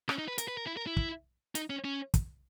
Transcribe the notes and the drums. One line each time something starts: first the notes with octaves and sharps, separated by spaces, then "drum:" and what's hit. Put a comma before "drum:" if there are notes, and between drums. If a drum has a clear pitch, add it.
C#4, drum: rim click
D#4
B4
A#4, drum: hi-hat
B4
A#4
E4
A#4
E4
drum: kick
D#4, drum: hi-hat
C#4
C#4
drum: kick, hi-hat